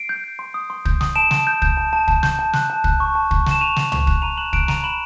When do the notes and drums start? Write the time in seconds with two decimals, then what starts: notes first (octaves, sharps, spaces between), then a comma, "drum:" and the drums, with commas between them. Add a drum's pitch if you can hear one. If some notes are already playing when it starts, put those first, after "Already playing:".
Already playing: C7 D7
0.09 G6
0.24 G6
0.39 C6
0.54 D#6
0.70 C6
0.85 G6, drum: kick
1.01 D#6, drum: snare
1.16 A5 D7 E7
1.31 A5, drum: snare
1.47 G6
1.62 G6, drum: kick
1.77 A5
1.93 A5
2.08 A5, drum: kick
2.23 G6, drum: snare
2.39 A5
2.53 F#6, drum: snare
2.70 A5
2.84 F#6, drum: kick
3.00 C#6
3.15 A5
3.31 C#6, drum: kick
3.46 A5 E7, drum: snare
3.61 C#6 D#7 F7
3.76 C#6, drum: snare
3.92 C#6, drum: tom
4.07 F#6, drum: kick
4.22 A#5 D#7 F7
4.37 F#6 E7 F#7
4.53 F#6 D7 E7, drum: kick
4.68 A#5 D#7 F7, drum: snare
4.84 B5 E7 F#7